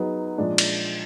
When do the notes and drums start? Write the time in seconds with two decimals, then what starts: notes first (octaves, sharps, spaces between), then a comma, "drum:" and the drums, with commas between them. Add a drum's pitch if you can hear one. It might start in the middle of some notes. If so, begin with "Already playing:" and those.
Already playing: F#3 B3 D#4 G#4
0.38 A#2 F3 G#3 D4
0.58 drum: cymbal